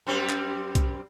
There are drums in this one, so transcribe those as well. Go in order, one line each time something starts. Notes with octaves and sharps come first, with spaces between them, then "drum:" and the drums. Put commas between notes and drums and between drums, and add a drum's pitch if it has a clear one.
F#2 G3 C4
drum: clap
drum: kick, hi-hat